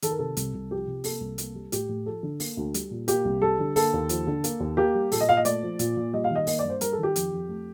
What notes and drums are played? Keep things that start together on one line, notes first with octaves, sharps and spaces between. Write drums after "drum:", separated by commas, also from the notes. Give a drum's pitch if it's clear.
D#3 A4, drum: hi-hat
A#4
C3 A4
C2, drum: hi-hat
C2
F3 G4
C3
A#3 A4, drum: open hi-hat
C2
A#3, drum: hi-hat
G3
A2 G4, drum: hi-hat
A2
F3 A4
D3
A#3, drum: open hi-hat
D2
G3, drum: hi-hat
A#2
A#3 G4, drum: hi-hat
C2
G3 A4
D3
A#3 A4, drum: open hi-hat
D#2
F3, drum: hi-hat
D3
A#3, drum: hi-hat
D#2
A#3 G4
G3
A#2 A4, drum: open hi-hat
D#5
A#2 F5
D#5
A3 D5, drum: hi-hat
F3
A#2, drum: hi-hat
A#2
G3 D#5
F5
D#3 D#5
A#3 D#5, drum: open hi-hat
G2 D5
C5
G3 A#4, drum: hi-hat
A4
D#3 G4
F2, drum: hi-hat
F2
A3